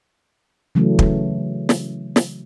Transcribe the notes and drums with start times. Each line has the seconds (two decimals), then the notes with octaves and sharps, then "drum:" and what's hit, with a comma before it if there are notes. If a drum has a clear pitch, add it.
0.75 C#3 E3 F#3 A3
0.99 drum: kick
1.69 drum: snare
2.16 drum: snare